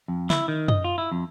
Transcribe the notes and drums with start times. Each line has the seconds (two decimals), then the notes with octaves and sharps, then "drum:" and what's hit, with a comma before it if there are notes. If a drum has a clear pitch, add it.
0.08 F2
0.30 E4, drum: snare
0.48 D#3
0.68 D#5, drum: tom F#2
0.84 F4
0.98 E4
1.12 F2